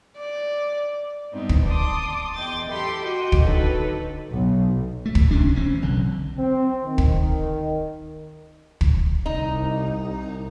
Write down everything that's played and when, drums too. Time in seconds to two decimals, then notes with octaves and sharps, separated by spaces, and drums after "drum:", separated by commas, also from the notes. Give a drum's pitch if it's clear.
0.17 D5
1.33 G2 B3 C4 D#4
1.49 drum: kick
1.65 D5 A5 C6 D6 D#6
2.35 E2 D#5 G5 C6 A6
2.69 G4 A4 G5 B5 C6
3.02 F#4 D#5 G5
3.32 drum: kick
3.42 D3 F#3 D#4 A4 B4
4.31 B1
5.06 A3
5.15 drum: kick
5.31 C3 C#4 D4
5.56 E3 C4 C#4
5.82 F#1 B1 D3
6.37 C4
6.85 D#3
6.98 drum: kick
8.81 drum: kick
9.26 C2 D#4